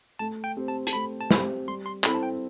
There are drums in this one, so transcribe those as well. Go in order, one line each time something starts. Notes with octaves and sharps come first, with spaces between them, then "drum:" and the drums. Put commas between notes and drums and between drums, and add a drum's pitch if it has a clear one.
A3 A5
G5
C4 G4 C5
A5
A5, drum: hi-hat
A3 B5
A5
C4 G4 C5 B5, drum: snare
G3 C6
C6
C4 E4 A4 B5, drum: clap
A5
G5